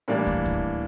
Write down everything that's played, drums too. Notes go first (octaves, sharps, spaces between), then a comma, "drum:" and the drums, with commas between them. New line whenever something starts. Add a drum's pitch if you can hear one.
A2 E3 G3 A#3 D4
drum: kick
drum: kick